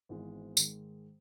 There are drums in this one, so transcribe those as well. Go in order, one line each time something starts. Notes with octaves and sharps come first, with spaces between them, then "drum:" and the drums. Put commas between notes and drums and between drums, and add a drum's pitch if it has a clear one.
G#1 G#2 E3 G#3 B3
G#2 D#3 G#3, drum: tambourine